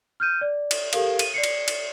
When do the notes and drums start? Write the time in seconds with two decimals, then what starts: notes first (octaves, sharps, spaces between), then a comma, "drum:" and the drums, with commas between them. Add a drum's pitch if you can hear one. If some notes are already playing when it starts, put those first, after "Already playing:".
0.20 F6 G6 D#7
0.41 D5
0.71 drum: cymbal
0.93 G4 A4 A#4 F5, drum: cymbal
1.19 D#7, drum: cymbal
1.34 D5 C7 C#7
1.44 drum: cymbal
1.68 drum: cymbal